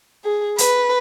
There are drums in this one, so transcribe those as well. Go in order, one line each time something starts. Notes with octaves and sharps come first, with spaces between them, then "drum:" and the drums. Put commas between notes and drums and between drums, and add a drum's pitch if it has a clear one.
G#4
B4, drum: hi-hat